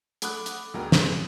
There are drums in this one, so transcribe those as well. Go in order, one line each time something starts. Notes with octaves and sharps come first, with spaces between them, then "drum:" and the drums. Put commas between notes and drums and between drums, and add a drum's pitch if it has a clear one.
A3 F#5 B5 D6 D#6 F#6, drum: hi-hat
drum: hi-hat
D2 B2 G#3 A#4 G5
C#4 G#4 B4 C#5, drum: snare